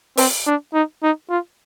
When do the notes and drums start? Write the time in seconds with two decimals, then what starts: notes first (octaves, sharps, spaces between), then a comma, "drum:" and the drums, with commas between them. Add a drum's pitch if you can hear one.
0.17 C4, drum: open hi-hat
0.47 D4
0.74 D#4
1.03 D#4
1.30 F4